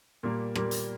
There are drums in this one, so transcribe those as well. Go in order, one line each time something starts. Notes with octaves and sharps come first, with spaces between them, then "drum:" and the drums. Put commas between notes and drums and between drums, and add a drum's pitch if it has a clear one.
A#2 G3 A#3
A#2 G3 A#3, drum: rim click
drum: hi-hat